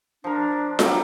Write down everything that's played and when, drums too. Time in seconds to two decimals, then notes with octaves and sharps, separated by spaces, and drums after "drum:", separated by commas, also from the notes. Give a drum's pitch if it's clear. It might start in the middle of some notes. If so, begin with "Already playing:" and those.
0.24 F3 D4 A#4
0.79 D#3 F#3 G3, drum: snare F4